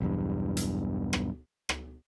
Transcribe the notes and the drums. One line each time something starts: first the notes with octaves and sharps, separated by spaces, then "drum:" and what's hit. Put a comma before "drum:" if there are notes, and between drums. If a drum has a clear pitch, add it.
B1 E2 G2
drum: hi-hat
drum: rim click
drum: rim click